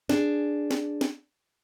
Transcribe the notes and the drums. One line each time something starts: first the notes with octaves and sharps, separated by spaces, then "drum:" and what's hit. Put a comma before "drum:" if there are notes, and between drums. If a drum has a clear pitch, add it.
D4 G#4, drum: snare
drum: snare
drum: snare